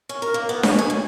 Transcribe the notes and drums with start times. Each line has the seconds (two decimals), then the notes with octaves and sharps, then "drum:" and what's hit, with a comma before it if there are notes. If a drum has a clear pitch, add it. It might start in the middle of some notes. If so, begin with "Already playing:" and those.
0.09 C#4
0.22 A#4
0.34 A#3
0.49 B3
0.63 C#4, drum: snare D4
0.78 G#5
0.90 D2